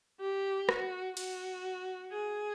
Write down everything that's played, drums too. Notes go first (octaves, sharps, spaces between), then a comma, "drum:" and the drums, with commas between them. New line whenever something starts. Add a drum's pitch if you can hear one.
G4
F#4, drum: rim click
F#4, drum: cymbal
G#4